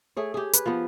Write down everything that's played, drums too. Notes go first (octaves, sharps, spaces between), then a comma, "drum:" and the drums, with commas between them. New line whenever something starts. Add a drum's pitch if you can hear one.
A3 G#4 C#5
G4 G#4
B4, drum: hi-hat
F3 B3